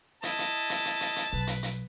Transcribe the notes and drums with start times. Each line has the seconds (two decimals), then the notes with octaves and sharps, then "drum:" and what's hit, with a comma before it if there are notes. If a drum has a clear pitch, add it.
0.23 E4 D#5 A5, drum: hi-hat
0.39 drum: hi-hat
0.70 drum: hi-hat
0.85 drum: hi-hat
1.01 drum: hi-hat
1.16 drum: hi-hat
1.33 B1 B4
1.47 drum: hi-hat
1.63 drum: hi-hat